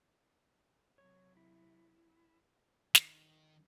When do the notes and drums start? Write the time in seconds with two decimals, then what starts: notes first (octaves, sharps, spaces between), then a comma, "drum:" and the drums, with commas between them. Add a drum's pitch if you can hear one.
0.98 C3 F#3 C#5
1.37 E4
2.95 D#3, drum: snare